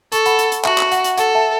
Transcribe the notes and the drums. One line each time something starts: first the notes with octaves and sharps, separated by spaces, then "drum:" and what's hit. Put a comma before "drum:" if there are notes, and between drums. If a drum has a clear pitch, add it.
A4 A5 C#6, drum: hi-hat
F#5 B5, drum: hi-hat
drum: hi-hat
drum: hi-hat
F#4 E5 A5, drum: clap
drum: clap
F#5, drum: hi-hat
drum: hi-hat
A4 F#5, drum: hi-hat
E5 A5